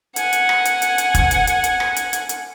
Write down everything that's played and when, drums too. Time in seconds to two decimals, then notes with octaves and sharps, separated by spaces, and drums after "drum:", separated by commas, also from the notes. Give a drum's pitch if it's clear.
0.16 F#5 G#5, drum: hi-hat
0.33 drum: hi-hat
0.49 drum: rim click
0.65 drum: hi-hat
0.82 drum: hi-hat
0.98 drum: hi-hat
1.15 drum: kick, hi-hat
1.31 drum: hi-hat
1.47 drum: hi-hat
1.64 drum: hi-hat
1.80 drum: rim click
1.96 drum: hi-hat
2.13 drum: hi-hat
2.29 drum: hi-hat